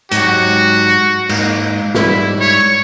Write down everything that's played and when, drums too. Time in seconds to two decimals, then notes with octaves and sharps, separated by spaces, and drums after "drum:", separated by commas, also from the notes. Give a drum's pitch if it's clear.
0.11 G#2 F#3 F#4 G4, drum: hi-hat
1.29 G#2 A#3, drum: cymbal
1.95 G#2 G3 E4, drum: snare
2.40 C#5